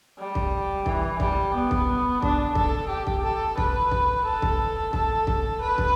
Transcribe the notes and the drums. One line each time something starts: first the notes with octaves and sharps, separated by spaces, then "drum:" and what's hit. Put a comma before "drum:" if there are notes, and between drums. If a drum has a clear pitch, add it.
G3
drum: kick
E3, drum: kick
G3, drum: kick
B3
drum: kick
D4, drum: kick
A4, drum: kick
G4
drum: kick
A4
B4, drum: kick
drum: kick
A4
drum: kick
A4, drum: kick
drum: kick
B4
drum: kick